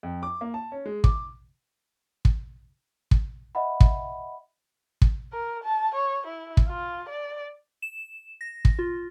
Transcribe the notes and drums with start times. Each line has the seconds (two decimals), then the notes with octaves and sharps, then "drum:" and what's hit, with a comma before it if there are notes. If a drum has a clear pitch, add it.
0.03 F2
0.23 D6
0.41 A#3
0.54 A5
0.72 C#4
0.86 G#3
1.04 D6, drum: kick
2.25 drum: kick
3.11 drum: kick
3.55 D#5 E5 F#5 B5
3.80 drum: kick
5.02 drum: kick
5.33 A#4
5.64 A5
5.95 C#5
6.27 E4
6.57 drum: kick
6.68 F4
7.09 D5
7.82 E7
8.41 A#6
8.65 drum: kick
8.79 F4